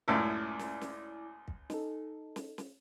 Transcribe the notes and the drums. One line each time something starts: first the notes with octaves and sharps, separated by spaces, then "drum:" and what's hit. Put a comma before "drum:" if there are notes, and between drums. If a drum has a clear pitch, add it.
C#2 F#2 A2 E4 D5 D6
drum: snare
drum: snare
drum: kick
D#4 A4, drum: snare
drum: snare
drum: snare